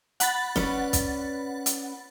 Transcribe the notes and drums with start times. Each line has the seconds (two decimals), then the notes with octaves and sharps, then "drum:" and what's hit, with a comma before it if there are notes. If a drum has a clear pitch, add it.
0.20 F#5 B5 A6, drum: hi-hat
0.56 C#4 B4 D5, drum: snare
0.93 drum: kick, hi-hat
1.66 drum: hi-hat